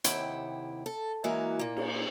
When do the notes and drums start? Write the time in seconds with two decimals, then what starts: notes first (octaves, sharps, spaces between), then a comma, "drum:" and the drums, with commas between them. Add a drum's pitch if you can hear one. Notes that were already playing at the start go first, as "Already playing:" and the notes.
0.04 D#2 C3 E4 F#5 G5, drum: hi-hat
0.86 A4
1.24 E3 F#3 G#3 A#3 F#4
1.59 A#2 A#3
1.77 drum: cymbal